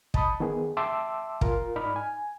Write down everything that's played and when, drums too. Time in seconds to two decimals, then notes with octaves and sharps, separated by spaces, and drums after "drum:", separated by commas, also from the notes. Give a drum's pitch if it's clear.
0.14 D#5 A5 B5 D#6, drum: kick
0.40 D#3 B3 D#4 G#4
0.77 E5 G5 A5 C6 D6 E6
1.41 F4 A#4 F5, drum: kick
1.76 G#2 D#4 D5 B5 F6
1.96 G#5